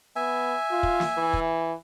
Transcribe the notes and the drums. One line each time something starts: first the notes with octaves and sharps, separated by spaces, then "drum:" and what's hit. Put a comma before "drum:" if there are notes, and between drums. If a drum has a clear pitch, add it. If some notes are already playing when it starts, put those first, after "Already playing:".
B3 E5 G#5
F4
drum: kick
drum: snare
E3
drum: kick